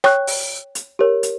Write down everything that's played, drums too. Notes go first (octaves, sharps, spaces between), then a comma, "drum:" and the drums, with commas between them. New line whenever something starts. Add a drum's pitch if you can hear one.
C#5 G5 C#6 F#6, drum: rim click
drum: open hi-hat
drum: hi-hat
G4 A#4 C#5
drum: hi-hat